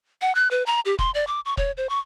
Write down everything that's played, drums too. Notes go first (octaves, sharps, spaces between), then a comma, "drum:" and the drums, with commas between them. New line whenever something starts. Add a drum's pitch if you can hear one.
F#5
F#6
B4
A#5
G4
C6, drum: kick
D5
D6
C#6
C#5, drum: kick
C5
C#6